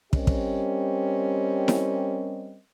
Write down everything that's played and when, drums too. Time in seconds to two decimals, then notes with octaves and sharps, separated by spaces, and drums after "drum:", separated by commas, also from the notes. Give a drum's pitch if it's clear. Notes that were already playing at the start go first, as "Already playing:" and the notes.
0.13 G3 C4 C#4 G4 A#4 D#5, drum: kick
0.27 drum: kick
1.68 drum: snare E4